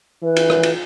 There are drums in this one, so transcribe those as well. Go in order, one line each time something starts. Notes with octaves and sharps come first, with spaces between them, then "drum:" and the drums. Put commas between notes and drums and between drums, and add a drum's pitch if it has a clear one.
E3 B4
drum: cymbal
drum: rim click
drum: cymbal